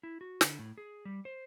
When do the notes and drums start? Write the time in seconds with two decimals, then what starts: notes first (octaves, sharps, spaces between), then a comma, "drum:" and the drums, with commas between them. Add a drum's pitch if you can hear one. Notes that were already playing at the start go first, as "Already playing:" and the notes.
0.03 E4
0.21 F#4
0.41 D3, drum: snare
0.59 A2
0.78 G#4
1.05 G3
1.25 C5